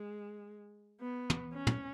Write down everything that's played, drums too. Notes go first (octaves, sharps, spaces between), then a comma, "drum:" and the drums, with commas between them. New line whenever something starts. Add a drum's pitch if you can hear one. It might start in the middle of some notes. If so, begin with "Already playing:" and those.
Already playing: G#3
B3
drum: tom
C#4
drum: tom